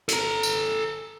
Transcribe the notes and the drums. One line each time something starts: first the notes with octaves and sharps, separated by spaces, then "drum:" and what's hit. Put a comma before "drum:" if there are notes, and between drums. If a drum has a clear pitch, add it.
A4 A#5, drum: hi-hat
drum: tambourine